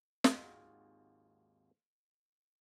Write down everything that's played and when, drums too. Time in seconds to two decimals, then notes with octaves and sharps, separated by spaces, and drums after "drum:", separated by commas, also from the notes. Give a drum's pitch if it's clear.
0.24 G#1 D#2 F4 F#4 G#4, drum: snare